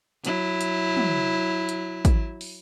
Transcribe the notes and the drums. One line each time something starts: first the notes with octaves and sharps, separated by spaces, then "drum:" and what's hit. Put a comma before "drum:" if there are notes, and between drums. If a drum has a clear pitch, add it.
F#3 E4, drum: hi-hat
drum: hi-hat
drum: tom
drum: hi-hat
drum: kick, hi-hat
drum: open hi-hat